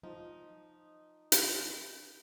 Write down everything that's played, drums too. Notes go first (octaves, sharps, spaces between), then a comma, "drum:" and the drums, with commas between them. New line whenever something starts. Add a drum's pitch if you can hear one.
F3 D#4
drum: hi-hat